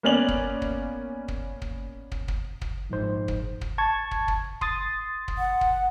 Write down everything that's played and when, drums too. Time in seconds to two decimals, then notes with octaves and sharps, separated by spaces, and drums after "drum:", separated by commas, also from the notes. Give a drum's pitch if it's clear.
0.03 A#3 B3 C#4 D5 F7 F#7
0.28 drum: kick
0.62 drum: kick
1.28 drum: kick
1.62 drum: kick
2.12 drum: kick
2.28 drum: kick
2.62 drum: kick
2.90 A#1 G#2 C5
3.28 drum: kick
3.61 drum: kick
3.78 A5 C#6 G#6
4.11 drum: kick
4.28 drum: kick
4.61 C6 D#6 A6, drum: kick
5.28 drum: kick
5.38 F#5
5.61 drum: kick